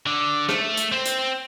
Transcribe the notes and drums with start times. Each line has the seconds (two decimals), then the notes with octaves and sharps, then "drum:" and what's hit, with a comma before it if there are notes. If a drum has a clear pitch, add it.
0.06 D3
0.49 A3, drum: rim click
0.77 drum: hi-hat
0.92 C4
1.05 drum: hi-hat